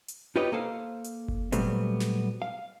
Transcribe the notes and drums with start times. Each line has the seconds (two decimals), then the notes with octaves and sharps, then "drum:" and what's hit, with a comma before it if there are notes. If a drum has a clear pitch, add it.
0.08 drum: hi-hat
0.36 D#4 F4 G4 B4 C#5 D#5
0.52 A#3 A4 C5 F5
1.04 drum: hi-hat
1.28 drum: kick F#1
1.52 A#2 F#3 G3 A3 B3 C4, drum: hi-hat
2.00 drum: snare
2.42 F5